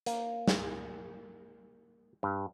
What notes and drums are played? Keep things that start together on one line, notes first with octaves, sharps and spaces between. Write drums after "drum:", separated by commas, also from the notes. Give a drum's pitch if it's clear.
A#3, drum: hi-hat
drum: snare
G2